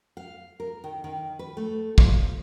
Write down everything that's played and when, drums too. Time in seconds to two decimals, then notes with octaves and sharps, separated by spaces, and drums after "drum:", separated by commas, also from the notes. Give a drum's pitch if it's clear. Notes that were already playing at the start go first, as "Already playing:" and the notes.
0.17 F5
0.60 A#4
0.84 D#3
1.04 D#3
1.39 B4
1.57 A3
1.98 F3, drum: kick